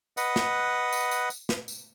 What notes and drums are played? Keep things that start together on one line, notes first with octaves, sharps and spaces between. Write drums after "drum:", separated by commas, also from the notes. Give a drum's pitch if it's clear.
B4 D#5 F#5, drum: tambourine
drum: snare
drum: tambourine
drum: tambourine
drum: tambourine
drum: snare
drum: tambourine